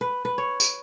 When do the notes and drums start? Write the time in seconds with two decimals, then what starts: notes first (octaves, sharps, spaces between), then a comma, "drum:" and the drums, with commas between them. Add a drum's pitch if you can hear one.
0.01 B4
0.25 B4
0.38 C#5
0.60 drum: tambourine